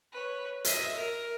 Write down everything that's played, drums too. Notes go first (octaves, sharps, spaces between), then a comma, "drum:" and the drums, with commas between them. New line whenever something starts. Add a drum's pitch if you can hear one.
B4 C#5
D#5 E5, drum: hi-hat
A#4